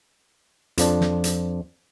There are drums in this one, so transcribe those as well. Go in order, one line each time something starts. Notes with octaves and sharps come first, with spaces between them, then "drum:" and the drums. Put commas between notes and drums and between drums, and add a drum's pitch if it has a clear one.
F2 F3 D4, drum: hi-hat
drum: snare
drum: hi-hat